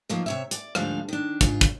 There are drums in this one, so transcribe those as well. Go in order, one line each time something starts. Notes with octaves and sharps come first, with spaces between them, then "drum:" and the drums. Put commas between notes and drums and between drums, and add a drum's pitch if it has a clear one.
D#3 F3 F#3 A#3
C3 C#5 E5
D5, drum: hi-hat
D2 G#2 F3 G3 D4 F5, drum: rim click
D#3 D4
G#2 F4, drum: kick, hi-hat
drum: kick, hi-hat